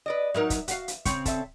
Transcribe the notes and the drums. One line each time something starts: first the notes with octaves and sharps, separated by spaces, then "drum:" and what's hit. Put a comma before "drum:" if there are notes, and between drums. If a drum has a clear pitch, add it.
B4 D5 D#5
F#3 D#4 A#4 E5
drum: kick, hi-hat
F#4 F5, drum: hi-hat
drum: hi-hat
C#3 C4 C#5, drum: kick, hi-hat
A4 E5, drum: kick, hi-hat